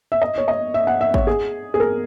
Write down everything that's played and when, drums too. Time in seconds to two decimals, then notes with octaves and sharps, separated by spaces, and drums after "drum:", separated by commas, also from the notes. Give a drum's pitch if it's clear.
0.12 E5
0.22 D#5
0.38 C#5
0.48 D#5
0.74 E5
0.87 F#5
1.01 E5
1.14 C#5, drum: kick
1.27 G#4
1.74 G#4
1.80 A#4